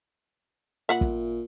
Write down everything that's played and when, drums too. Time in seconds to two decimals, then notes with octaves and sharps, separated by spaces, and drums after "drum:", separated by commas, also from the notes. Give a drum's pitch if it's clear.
0.89 A#2 E5 F#5 B5
1.01 drum: kick